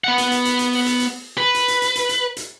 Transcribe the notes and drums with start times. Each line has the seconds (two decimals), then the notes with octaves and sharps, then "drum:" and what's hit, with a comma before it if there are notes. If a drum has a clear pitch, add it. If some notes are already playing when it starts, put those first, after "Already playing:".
0.04 B3 F#5
0.18 drum: hi-hat
0.32 drum: hi-hat
0.45 drum: hi-hat
0.59 drum: hi-hat
0.73 drum: open hi-hat
0.86 drum: hi-hat
1.00 drum: hi-hat
1.38 B4
1.55 drum: hi-hat
1.68 drum: hi-hat
1.82 drum: hi-hat
1.96 drum: hi-hat
2.09 drum: hi-hat
2.37 drum: hi-hat